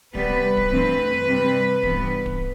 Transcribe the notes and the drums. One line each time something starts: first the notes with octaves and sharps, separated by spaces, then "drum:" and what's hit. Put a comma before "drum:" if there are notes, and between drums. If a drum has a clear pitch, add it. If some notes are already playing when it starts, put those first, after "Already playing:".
C3 G3 B3 B4, drum: kick D1
drum: kick D1
G2 E3 A3 C4
C3 G3 C4
G2 E3 G3 B3, drum: kick D1
drum: kick D1